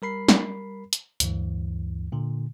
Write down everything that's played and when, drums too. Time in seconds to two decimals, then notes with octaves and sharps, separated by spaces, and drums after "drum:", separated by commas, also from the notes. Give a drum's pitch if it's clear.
0.02 G3 A#4 B5 C7
0.29 drum: snare
0.93 drum: hi-hat
1.20 D2 G2 E3, drum: hi-hat
2.12 A#2 D3